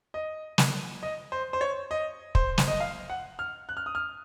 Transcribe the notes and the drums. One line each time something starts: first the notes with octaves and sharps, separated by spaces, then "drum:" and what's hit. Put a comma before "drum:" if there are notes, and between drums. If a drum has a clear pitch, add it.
D#5
drum: snare
D#5
C5
C5
C#5
D#5
C5, drum: kick
drum: snare
D#5
F5
F#5
F6
F#6
F6
D#6
F6